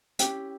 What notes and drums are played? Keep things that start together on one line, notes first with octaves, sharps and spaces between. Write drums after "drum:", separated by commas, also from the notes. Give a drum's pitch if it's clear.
C#4 E4 G4 G5, drum: hi-hat